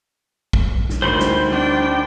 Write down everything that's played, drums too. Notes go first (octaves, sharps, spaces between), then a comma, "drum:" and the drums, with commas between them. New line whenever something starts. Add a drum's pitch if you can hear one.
drum: kick
drum: snare
D2 D#3 C5 B5 C6
drum: snare
D4 G5